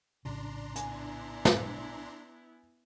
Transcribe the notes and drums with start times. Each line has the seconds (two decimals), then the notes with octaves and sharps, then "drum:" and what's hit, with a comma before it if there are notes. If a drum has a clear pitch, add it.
0.25 A#1 A2 C#3 D4 A#5 C6
0.76 B3 E4 G#5, drum: hi-hat
1.45 drum: snare